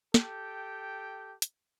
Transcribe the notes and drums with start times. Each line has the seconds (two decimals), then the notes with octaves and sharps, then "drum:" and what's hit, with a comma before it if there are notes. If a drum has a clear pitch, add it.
0.14 G4 A4 G5, drum: snare
1.42 drum: hi-hat